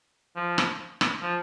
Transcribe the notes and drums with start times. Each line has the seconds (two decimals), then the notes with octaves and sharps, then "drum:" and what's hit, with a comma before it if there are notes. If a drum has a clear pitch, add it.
0.36 F3
0.58 drum: rim click
1.01 drum: rim click
1.22 F3